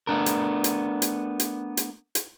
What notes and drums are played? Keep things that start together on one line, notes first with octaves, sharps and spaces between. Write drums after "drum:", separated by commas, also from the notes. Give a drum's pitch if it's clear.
A3 B3 D4 A#4
drum: hi-hat
drum: hi-hat
drum: hi-hat
drum: hi-hat
drum: hi-hat
drum: hi-hat